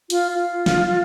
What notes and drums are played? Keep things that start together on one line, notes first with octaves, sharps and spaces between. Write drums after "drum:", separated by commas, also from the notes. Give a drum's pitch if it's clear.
F4, drum: hi-hat
F4
drum: snare